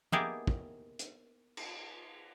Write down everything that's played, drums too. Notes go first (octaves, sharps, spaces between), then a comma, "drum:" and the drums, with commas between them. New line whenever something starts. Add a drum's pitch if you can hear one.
A#3 B3 D#4 E4 G4 G#4, drum: tom
drum: kick
drum: hi-hat
drum: cymbal